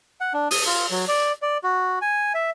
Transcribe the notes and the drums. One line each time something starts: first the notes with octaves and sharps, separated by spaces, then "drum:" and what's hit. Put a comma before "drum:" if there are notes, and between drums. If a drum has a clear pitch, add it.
F#5
D4
D#6, drum: open hi-hat
F4
F#3
D5
D5
F#4
G#5
E5